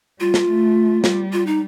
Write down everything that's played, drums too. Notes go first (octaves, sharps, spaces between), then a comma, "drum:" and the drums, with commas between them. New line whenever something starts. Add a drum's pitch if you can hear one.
G3 F4
drum: snare
A3
G3, drum: snare
F4
D#4